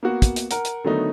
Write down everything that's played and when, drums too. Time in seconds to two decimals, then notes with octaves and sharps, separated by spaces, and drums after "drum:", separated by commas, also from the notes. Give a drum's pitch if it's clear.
0.03 A#3 B3 F#4
0.22 drum: kick, hi-hat
0.36 drum: hi-hat
0.51 A#4 F#5, drum: hi-hat
0.65 drum: hi-hat
0.84 D3 D#3 F#3 A3 B3 D#4